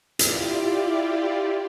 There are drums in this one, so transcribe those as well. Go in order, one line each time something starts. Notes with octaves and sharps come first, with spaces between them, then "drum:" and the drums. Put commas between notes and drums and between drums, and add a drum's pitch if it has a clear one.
E4 F4 G4 D5, drum: hi-hat